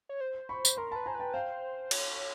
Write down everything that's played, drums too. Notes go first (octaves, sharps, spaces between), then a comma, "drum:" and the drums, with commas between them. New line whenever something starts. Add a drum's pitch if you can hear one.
C#5
C5
B5 C#6
drum: tambourine
A#4 A#5 C6
B4 A5 B5
C5 G#5 A#5
B4
G5 A5
C5 F5 G5
C#5, drum: cymbal